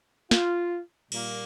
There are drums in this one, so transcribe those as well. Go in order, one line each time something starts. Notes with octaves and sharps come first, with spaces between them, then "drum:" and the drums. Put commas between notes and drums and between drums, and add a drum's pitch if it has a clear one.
F4, drum: snare
A#2 G3 A#3, drum: cymbal